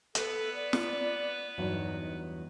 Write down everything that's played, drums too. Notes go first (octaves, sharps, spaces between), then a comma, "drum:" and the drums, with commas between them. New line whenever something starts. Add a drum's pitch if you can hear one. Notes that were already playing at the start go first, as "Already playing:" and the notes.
B3 A4 B4, drum: hi-hat
D5
drum: snare
E2 G2 F#3 D#4